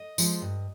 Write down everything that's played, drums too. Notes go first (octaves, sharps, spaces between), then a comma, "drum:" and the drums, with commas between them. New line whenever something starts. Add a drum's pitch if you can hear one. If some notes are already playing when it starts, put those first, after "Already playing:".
Already playing: D#5
F3 G#3, drum: tambourine
G2